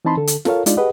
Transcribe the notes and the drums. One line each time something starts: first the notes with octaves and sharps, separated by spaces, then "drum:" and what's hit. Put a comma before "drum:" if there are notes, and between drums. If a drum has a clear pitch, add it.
E3 C4 D#4 A5 B5 C6
D3 A4
drum: hi-hat
F4 A4 A#4 C#5 F5, drum: snare
G#3 D4 D#4 F4 D5, drum: hi-hat
G4 G#4 B4 D#5 F#5